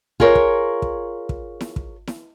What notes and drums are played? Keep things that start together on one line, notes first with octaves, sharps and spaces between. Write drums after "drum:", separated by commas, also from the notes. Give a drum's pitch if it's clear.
F4 G#4 A#4 C#5, drum: kick
drum: kick
drum: kick
drum: kick
drum: snare E4
drum: kick
drum: snare E4